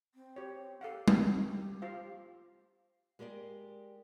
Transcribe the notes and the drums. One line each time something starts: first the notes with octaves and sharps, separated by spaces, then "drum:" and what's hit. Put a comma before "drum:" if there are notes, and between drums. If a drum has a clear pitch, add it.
C4
G4 C#5
G4 A4 F5 F#5
F#4, drum: tom G3
G4
F4 C5 F5
G#3 G4 A#4 D5 D#5